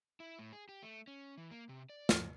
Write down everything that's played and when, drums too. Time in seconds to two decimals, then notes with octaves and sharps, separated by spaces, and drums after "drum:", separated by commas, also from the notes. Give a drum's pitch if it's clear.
0.20 E4
0.39 A2
0.53 G#4
0.69 G4
0.83 A3
1.08 C#4
1.37 E3
1.51 A#3
1.69 C3
1.90 D5
2.09 F3, drum: snare